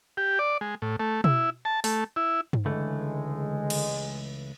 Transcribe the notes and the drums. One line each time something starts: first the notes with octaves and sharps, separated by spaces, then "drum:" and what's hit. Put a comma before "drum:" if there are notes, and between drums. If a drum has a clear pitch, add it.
G4
D5
G#3
A2
A3
E4, drum: tom B2
A5
A3, drum: open hi-hat
E4
drum: tom G2
C#2 D3 E3 G#3 A3
drum: cymbal